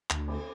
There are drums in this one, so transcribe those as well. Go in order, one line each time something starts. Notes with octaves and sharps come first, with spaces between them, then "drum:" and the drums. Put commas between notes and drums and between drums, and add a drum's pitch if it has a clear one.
D2, drum: clap
drum: cymbal